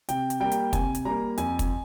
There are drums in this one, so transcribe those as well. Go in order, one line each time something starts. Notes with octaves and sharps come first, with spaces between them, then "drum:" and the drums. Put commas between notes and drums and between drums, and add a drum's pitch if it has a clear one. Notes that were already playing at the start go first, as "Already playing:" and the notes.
C3 G5, drum: hi-hat
drum: hi-hat
G3 A#3 G5
drum: hi-hat
C3 G#5, drum: kick, hi-hat
drum: hi-hat
G3 A#3 A#5
F2 G#5, drum: hi-hat
drum: kick, hi-hat